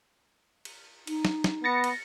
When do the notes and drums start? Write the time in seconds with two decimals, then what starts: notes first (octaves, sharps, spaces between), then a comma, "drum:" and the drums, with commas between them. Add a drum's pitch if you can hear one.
0.65 drum: cymbal
1.07 D#4, drum: cymbal
1.25 drum: snare
1.44 drum: snare
1.64 B3 A6 A#6 C#7
1.84 drum: cymbal